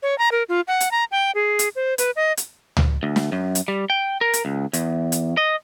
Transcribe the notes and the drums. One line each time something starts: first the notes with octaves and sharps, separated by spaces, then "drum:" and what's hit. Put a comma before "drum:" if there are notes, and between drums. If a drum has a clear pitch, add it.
C#5
A#5
A#4
F4
F#5
drum: hi-hat
A#5
G5
G#4
drum: hi-hat
C5
B4, drum: hi-hat
D#5
drum: hi-hat
drum: tom C#2
D2
drum: snare
F#2
drum: hi-hat
G3
G5
A#4
drum: hi-hat
C#2
E2, drum: hi-hat
drum: hi-hat
D#5